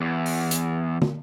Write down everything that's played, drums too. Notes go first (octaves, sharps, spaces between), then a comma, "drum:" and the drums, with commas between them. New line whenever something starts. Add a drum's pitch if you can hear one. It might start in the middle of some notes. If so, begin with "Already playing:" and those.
E2
drum: open hi-hat
drum: hi-hat
drum: tom